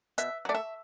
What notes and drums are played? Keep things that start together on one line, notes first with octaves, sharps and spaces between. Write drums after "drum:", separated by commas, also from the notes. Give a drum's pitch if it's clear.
B2 E5, drum: hi-hat
F#3 A3 D5
E5